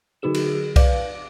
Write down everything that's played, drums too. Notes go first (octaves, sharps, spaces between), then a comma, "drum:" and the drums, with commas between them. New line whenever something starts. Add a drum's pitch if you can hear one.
D3 F#3 D#4 F#4 G#4 E7
drum: cymbal
B4 D5 F5 D6, drum: kick B1, cymbal